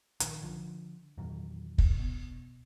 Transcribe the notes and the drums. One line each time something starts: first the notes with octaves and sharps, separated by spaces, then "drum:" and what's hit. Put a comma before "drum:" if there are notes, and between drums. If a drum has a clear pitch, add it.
A#1 D#3, drum: hi-hat
D3 F3
E2 A#2 D#3 F#3
drum: kick
B2